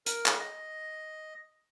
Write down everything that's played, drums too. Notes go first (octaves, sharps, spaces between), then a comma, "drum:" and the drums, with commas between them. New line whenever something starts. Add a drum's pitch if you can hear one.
A#4, drum: hi-hat
drum: clap
D#5